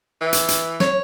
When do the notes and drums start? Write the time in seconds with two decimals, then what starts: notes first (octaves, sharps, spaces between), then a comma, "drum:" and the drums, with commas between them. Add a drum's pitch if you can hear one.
0.21 E3
0.33 drum: hi-hat
0.48 drum: hi-hat
0.80 C#5, drum: snare